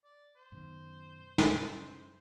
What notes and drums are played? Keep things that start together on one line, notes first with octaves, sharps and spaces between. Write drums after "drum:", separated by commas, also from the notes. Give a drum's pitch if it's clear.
D5
C5
F#2 B2 D#3
F#2 C#3, drum: snare